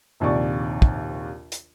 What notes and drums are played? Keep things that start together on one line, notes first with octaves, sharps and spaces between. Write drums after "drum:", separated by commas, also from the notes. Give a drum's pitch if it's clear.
A#1 D#2 C3 D5 C#6
drum: kick
drum: hi-hat